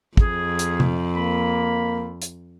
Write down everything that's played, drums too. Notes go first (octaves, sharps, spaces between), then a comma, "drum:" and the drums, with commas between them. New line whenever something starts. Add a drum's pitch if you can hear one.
F2 G#4, drum: kick
drum: hi-hat
drum: tom C3
A#3 B5
drum: hi-hat